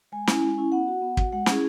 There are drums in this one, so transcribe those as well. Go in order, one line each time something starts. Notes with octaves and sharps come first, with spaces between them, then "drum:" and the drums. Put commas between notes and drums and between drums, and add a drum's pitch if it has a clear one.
G#3 G#5
C#4 E4, drum: snare
G#3
C#4 E4
B3 F#5
F#4
B3
F#4, drum: kick
G#3 F#5
C#4 E4 G#4, drum: snare